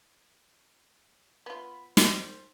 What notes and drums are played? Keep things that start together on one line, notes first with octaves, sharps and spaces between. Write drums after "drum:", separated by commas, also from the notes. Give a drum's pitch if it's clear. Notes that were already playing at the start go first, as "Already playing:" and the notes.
B3 F4 B5
C5, drum: snare